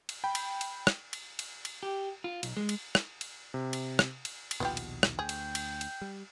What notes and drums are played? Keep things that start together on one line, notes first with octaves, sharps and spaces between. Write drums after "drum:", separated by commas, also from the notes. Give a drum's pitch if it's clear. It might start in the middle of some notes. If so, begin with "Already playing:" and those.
drum: cymbal
G5 B5
drum: cymbal
drum: cymbal
drum: rim click
drum: cymbal
drum: cymbal
drum: cymbal
G4
F4
B1, drum: cymbal
G#3
drum: cymbal
drum: rim click
drum: cymbal
C3
drum: cymbal
drum: rim click
drum: cymbal
drum: cymbal
A#1 D#2 B2 B3 F4 G4
drum: cymbal
drum: rim click
D2 G#4 G5
drum: cymbal
drum: cymbal
drum: cymbal
G3